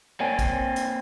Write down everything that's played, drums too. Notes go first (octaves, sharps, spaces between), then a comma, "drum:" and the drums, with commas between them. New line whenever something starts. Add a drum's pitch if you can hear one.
A#3 C4 C#5 D5 G#5
drum: kick, hi-hat
drum: hi-hat